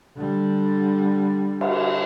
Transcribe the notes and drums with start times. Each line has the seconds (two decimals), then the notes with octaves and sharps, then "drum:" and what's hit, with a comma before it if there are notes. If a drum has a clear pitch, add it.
0.17 D3 G3
1.61 drum: cymbal